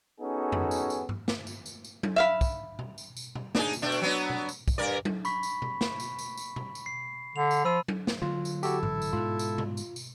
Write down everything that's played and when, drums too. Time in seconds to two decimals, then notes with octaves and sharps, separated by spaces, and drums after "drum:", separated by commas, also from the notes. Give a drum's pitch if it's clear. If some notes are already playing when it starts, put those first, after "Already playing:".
0.20 B3 C#4 D#4 F#4 G#4 A4
0.52 drum: tom F2
0.71 drum: tambourine
0.90 drum: tambourine
1.09 drum: tom G2
1.28 drum: snare
1.47 drum: tambourine
1.66 drum: tambourine
1.84 drum: tambourine
2.03 drum: tom F#3
2.16 E5 F5 B5
2.41 drum: kick, tambourine
2.79 drum: tom B2
2.98 drum: tambourine
3.17 drum: tambourine
3.35 drum: tom B2
3.55 D4 D#4 G#4, drum: snare
3.73 drum: tambourine
3.82 B2 A3 D4
3.92 drum: tambourine
4.02 F#3 B3 D4
4.11 drum: tambourine
4.30 drum: tom B2
4.49 drum: tambourine
4.68 drum: kick, tambourine
4.78 G2 A#4 D5
5.05 drum: tom F#3
5.25 B5 C#6 B6, drum: tambourine
5.43 drum: tambourine
5.62 drum: tom B2
5.81 drum: snare
6.00 drum: tambourine
6.19 drum: tambourine
6.37 drum: tambourine
6.56 drum: tom B2
6.75 drum: tambourine
6.86 C7
7.36 D3 F7
7.51 drum: tambourine
7.65 F3 B5 E6 D#7
7.88 drum: tom F#3
8.07 drum: snare
8.22 D3 F#3 F4
8.45 drum: tambourine
8.63 E4 F#4 G4 A4, drum: tambourine
8.83 A1, drum: tom G2
9.02 drum: tambourine
9.13 G#2 B2 F4
9.39 drum: tambourine
9.58 drum: tom B2
9.77 drum: tambourine
9.96 drum: tambourine